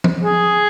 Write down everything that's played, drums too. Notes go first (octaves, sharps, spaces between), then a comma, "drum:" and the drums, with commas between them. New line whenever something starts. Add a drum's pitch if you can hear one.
drum: tom F3
G#4